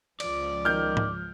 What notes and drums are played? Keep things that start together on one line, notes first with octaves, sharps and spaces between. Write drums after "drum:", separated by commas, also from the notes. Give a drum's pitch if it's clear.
C#2 F3 D5, drum: cymbal
D#3 F6 G6
drum: tom G#2